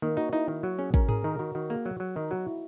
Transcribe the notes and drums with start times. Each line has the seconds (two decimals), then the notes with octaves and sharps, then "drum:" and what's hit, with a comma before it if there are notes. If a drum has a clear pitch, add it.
0.02 D#3 A#3
0.17 D#4 F#4
0.33 D#4 E4
0.48 D#3
0.63 F#3 F#4
0.79 C#4 G#4
0.94 C#4 A#4, drum: kick
1.09 G#4 A#4, drum: tom G#2
1.24 D#3 A#4
1.39 D#3 F#4
1.55 D#3 F#4
1.70 A#3 G#4
1.86 F#3 F#4
2.00 F#3
2.16 D#3 D#4
2.31 F#3 F#4
2.46 E4